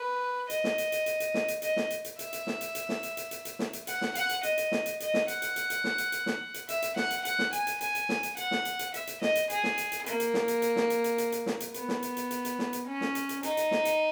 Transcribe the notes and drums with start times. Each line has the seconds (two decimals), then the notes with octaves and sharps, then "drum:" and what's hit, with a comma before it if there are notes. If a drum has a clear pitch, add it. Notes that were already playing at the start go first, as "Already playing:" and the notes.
Already playing: B4
0.50 D#5, drum: hi-hat
0.64 drum: snare
0.78 drum: hi-hat
0.92 drum: hi-hat
1.06 drum: hi-hat
1.20 drum: hi-hat
1.34 drum: snare
1.48 drum: hi-hat
1.62 D#5, drum: hi-hat
1.76 drum: snare
1.91 drum: hi-hat
2.05 drum: hi-hat
2.19 E5, drum: hi-hat
2.33 drum: hi-hat
2.47 drum: snare
2.61 drum: hi-hat
2.75 drum: hi-hat
2.89 drum: snare
3.03 drum: hi-hat
3.17 drum: hi-hat
3.31 drum: hi-hat
3.45 drum: hi-hat
3.59 drum: snare
3.73 drum: hi-hat
3.87 F#5, drum: hi-hat
4.01 drum: snare
4.15 F#5, drum: hi-hat
4.29 drum: hi-hat
4.43 D#5, drum: hi-hat
4.58 drum: hi-hat
4.72 drum: snare
4.86 drum: hi-hat
5.00 D#5, drum: hi-hat
5.14 drum: snare
5.28 F#5, drum: hi-hat
5.42 drum: hi-hat
5.56 drum: hi-hat
5.70 drum: hi-hat
5.84 drum: snare
5.98 drum: hi-hat
6.12 drum: hi-hat
6.26 drum: snare
6.54 drum: hi-hat
6.69 E5, drum: hi-hat
6.82 drum: hi-hat
6.96 F#5, drum: snare
7.11 drum: hi-hat
7.25 F#5, drum: hi-hat
7.39 drum: snare
7.53 G#5, drum: hi-hat
7.67 drum: hi-hat
7.81 G#5, drum: hi-hat
7.95 drum: hi-hat
8.09 drum: snare
8.23 drum: hi-hat
8.37 F#5, drum: hi-hat
8.51 drum: snare
8.65 drum: hi-hat
8.79 drum: hi-hat
8.94 E5, drum: hi-hat
9.07 drum: hi-hat
9.22 D#5, drum: snare
9.35 drum: hi-hat
9.50 G#4, drum: hi-hat
9.64 drum: snare
9.78 drum: hi-hat
9.92 drum: hi-hat
10.06 A#3, drum: hi-hat
10.20 drum: hi-hat
10.34 drum: snare
10.48 drum: hi-hat
10.62 drum: hi-hat
10.76 drum: snare
10.90 drum: hi-hat
11.04 drum: hi-hat
11.18 drum: hi-hat
11.32 drum: hi-hat
11.46 drum: snare
11.60 drum: hi-hat
11.74 B3, drum: hi-hat
11.88 drum: snare
12.03 drum: hi-hat
12.17 drum: hi-hat
12.31 drum: hi-hat
12.45 drum: hi-hat
12.59 drum: snare
12.73 drum: hi-hat
12.87 C#4
13.01 drum: snare
13.15 drum: hi-hat
13.29 drum: hi-hat
13.43 D#4, drum: hi-hat
13.57 drum: hi-hat
13.71 drum: snare
13.85 drum: hi-hat